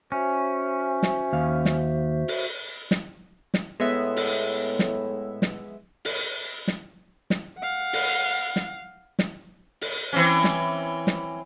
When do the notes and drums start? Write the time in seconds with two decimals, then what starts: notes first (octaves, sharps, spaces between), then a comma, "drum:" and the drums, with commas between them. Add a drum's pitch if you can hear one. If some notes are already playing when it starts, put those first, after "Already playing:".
0.12 C#4 F#4 C5 E5
1.03 drum: snare
1.33 D#2 F5
1.65 drum: snare
2.28 drum: open hi-hat
2.91 drum: snare
3.54 drum: snare
3.80 A2 G#3 B3 E5
4.16 drum: open hi-hat
4.79 drum: snare
5.42 drum: snare
6.05 drum: open hi-hat
6.68 drum: snare
7.30 drum: snare
7.58 F5 F#5
7.93 drum: open hi-hat
8.56 drum: snare
9.19 drum: snare
9.81 drum: open hi-hat
10.13 E3 C4 C#4
10.44 drum: snare
11.07 drum: snare